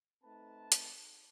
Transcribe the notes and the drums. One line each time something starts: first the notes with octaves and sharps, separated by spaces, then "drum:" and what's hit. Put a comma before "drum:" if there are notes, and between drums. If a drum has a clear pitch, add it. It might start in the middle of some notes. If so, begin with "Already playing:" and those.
A3 C4 D#4 B4 A5
drum: hi-hat